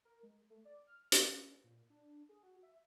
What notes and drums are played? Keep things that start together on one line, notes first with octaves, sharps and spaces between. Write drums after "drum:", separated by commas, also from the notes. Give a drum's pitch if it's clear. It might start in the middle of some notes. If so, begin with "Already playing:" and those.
A#4
G#3
A3
D5
F6
C#4, drum: hi-hat
A#2
D4
G#4
F#4
E5